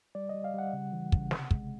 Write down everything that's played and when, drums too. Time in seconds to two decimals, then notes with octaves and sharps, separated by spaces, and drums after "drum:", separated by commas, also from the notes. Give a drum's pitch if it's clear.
0.15 G3 D5
0.29 G3 D#5
0.44 F5
0.54 G3 F#5
0.73 C#3
0.92 E3
1.12 C#3, drum: kick
1.31 C3, drum: snare
1.51 G#3, drum: kick